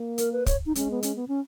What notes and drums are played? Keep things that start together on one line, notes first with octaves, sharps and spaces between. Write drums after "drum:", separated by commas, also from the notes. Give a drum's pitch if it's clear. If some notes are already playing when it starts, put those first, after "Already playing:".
Already playing: A#3
A#4, drum: hi-hat
B4
C#5, drum: kick, hi-hat
D#4
G#3 C#4, drum: hi-hat
B3
C#4, drum: hi-hat
B3
C#4